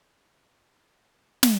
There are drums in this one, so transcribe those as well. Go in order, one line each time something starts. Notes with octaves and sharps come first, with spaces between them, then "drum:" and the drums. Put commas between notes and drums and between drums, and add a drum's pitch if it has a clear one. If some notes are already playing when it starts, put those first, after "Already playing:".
A3
G3
F3
A3
drum: snare